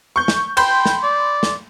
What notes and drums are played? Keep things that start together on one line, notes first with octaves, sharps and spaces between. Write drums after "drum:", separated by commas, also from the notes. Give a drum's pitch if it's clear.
C#6 G6
drum: snare
G5 B5 C6 G6, drum: cymbal
drum: snare
D5
drum: snare